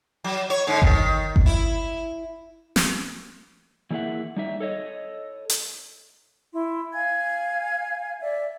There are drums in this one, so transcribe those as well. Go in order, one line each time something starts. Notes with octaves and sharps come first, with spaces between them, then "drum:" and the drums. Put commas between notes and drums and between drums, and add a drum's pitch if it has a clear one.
F#3
C#5
G#2 D3
D#3, drum: kick G1
drum: kick G1
E4
drum: snare
E3 A#3 E4 G#4 E5 F#5
G3 D#4 E5
A4 C#5 D#5
drum: hi-hat
E4 C6
F5 G#5 G#6
D5 E5